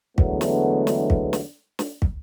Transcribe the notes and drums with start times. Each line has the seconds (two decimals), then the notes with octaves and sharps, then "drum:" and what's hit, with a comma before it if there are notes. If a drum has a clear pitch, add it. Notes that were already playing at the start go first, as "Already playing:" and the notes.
0.18 E2 D3 F#3 G#3 A3 B3, drum: kick
0.41 drum: snare
0.87 drum: snare
1.10 drum: kick
1.33 drum: snare
1.79 drum: snare
2.02 drum: kick